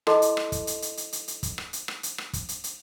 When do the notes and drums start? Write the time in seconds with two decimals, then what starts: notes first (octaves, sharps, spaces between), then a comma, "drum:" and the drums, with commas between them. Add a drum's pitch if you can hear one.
0.07 E4 A4 D#5 A5 C6 D6, drum: rim click
0.22 drum: hi-hat
0.37 drum: rim click
0.52 drum: kick, hi-hat
0.67 drum: hi-hat
0.82 drum: hi-hat
0.97 drum: hi-hat
1.12 drum: hi-hat
1.28 drum: hi-hat
1.43 drum: kick, hi-hat
1.58 drum: rim click
1.73 drum: hi-hat
1.88 drum: rim click
2.03 drum: hi-hat
2.18 drum: rim click
2.33 drum: kick, hi-hat
2.49 drum: hi-hat
2.64 drum: hi-hat